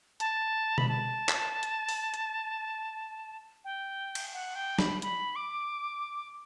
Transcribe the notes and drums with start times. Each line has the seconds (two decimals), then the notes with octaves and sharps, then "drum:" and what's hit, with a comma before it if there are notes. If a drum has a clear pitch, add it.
0.20 A5, drum: hi-hat
0.78 B5, drum: tom B2
0.89 A5
1.29 drum: clap
1.63 drum: hi-hat
1.89 drum: open hi-hat
2.14 drum: hi-hat
3.65 G5
4.15 drum: cymbal
4.33 F#5
4.55 G5
4.79 B5, drum: snare
5.02 B5, drum: hi-hat
5.36 D6